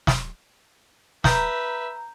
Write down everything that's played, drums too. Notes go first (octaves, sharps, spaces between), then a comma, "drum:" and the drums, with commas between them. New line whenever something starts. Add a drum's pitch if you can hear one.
drum: snare
B4 E5 A#5 G6, drum: snare